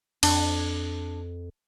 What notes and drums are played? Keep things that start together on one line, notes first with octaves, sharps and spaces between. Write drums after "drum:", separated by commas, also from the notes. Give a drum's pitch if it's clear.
F2 D4, drum: cymbal